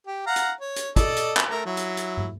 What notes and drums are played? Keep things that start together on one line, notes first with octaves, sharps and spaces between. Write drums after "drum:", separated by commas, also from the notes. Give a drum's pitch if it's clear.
G4
F5 F#5 A#5
drum: hi-hat
C#5
drum: hi-hat
A4 D5 D#5, drum: kick, hi-hat
drum: hi-hat
drum: clap
A3 A#4
F#3 E4
drum: hi-hat
drum: hi-hat
drum: tom